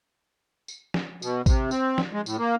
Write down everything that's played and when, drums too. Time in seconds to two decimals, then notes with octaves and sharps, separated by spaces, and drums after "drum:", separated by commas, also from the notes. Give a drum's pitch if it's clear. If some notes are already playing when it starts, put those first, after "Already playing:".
0.68 drum: tambourine
0.94 drum: snare
1.22 B2, drum: tambourine
1.46 C3, drum: kick A1, tambourine
1.71 C4, drum: tambourine
1.98 drum: snare
2.13 G#3
2.26 A2, drum: tambourine
2.38 A#3